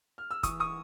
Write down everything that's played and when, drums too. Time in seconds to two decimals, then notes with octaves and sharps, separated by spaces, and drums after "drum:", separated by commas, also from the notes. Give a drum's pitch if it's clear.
0.18 F6
0.31 E6
0.43 E3 C#6 D#6, drum: kick, hi-hat
0.60 C#6 D#6